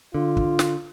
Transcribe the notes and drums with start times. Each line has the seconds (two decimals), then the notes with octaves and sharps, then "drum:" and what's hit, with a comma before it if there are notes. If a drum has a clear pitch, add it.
0.15 D3 F4
0.37 drum: kick
0.59 drum: snare